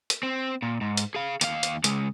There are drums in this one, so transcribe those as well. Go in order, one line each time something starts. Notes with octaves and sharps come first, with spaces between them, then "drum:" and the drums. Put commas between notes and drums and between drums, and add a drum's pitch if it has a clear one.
drum: hi-hat
C4
A#2
G#2
drum: hi-hat
G#4 F5
D#2 F5, drum: hi-hat
drum: hi-hat
C#3 G#3, drum: hi-hat